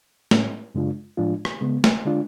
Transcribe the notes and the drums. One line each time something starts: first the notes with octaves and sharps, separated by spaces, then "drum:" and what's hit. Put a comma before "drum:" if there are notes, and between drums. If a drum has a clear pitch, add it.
A2 G#3 C#4, drum: snare
F#2 C#3 G#3 D4 F4
A2 F3 G#3 D4 F4
drum: rim click
C#3 G#3 B3
drum: snare
D3 G#3 D4 F4